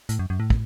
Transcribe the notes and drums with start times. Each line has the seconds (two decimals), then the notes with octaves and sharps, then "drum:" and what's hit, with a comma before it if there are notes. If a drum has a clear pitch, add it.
0.09 A2, drum: hi-hat
0.19 F#2
0.30 F#2
0.40 A2
0.50 drum: kick